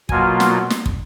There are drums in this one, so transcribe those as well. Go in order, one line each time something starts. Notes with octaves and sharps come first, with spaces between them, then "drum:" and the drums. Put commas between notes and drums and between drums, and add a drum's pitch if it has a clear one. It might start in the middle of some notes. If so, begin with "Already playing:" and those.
B2 F#3 A#3 F4 G#5, drum: kick
drum: snare
drum: snare
drum: kick